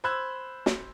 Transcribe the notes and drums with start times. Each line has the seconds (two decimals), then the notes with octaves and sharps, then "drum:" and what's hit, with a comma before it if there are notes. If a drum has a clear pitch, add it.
0.04 C5 B5 E6 F#6 G#6
0.66 drum: snare